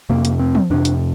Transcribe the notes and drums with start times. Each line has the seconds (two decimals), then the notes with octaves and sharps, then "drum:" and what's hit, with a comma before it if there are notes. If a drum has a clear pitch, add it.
0.09 F2 C3 A#3
0.25 drum: hi-hat
0.40 C4
0.55 drum: tom
0.70 F2 C3 D4
0.85 drum: hi-hat